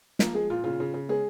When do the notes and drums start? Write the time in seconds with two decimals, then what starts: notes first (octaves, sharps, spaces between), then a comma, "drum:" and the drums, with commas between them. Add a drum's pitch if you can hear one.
0.19 F3 A#3 A#4, drum: snare
0.34 G#3 G#4
0.50 A#2 F4
0.64 C#3 F4
0.80 C#3
0.94 C#3
1.09 G#3 C#4 G#4